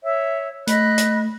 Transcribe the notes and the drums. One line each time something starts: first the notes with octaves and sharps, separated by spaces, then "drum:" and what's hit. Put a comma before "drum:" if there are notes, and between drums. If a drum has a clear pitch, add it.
C#5 E5
A3 D#5 B5 F#6, drum: hi-hat
drum: hi-hat